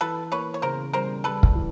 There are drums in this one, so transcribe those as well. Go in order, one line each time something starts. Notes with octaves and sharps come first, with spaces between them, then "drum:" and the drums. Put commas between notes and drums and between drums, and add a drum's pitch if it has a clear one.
E3 A4 B4
A#3 B4 C#5
C#5
C#3 A#4 C5
G3 A#4 C5
G3 A4 B4
drum: kick
E3